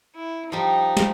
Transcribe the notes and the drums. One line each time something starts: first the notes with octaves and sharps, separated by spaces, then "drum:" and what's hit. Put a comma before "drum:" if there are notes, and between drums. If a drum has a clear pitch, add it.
E4
F3 G3 D#4
drum: snare